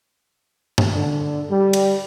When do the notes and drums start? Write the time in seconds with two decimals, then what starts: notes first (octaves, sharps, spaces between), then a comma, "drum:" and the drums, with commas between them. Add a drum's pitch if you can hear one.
0.78 drum: tom
0.92 D3
1.50 G3
1.73 drum: cymbal